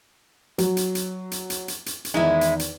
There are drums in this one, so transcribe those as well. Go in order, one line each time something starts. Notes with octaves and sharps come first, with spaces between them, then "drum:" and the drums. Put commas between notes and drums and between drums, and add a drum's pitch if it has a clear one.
F#3, drum: hi-hat
drum: hi-hat
drum: hi-hat
drum: hi-hat
drum: hi-hat
drum: hi-hat
drum: hi-hat
drum: hi-hat
E2 D#3 G#3 D#4 E4
drum: hi-hat
drum: hi-hat